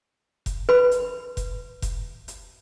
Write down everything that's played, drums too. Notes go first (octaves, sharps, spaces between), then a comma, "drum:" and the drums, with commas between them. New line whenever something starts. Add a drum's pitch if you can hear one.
drum: kick F1, hi-hat
B4 B5
drum: hi-hat
drum: kick F1, hi-hat
drum: kick F1, hi-hat
drum: hi-hat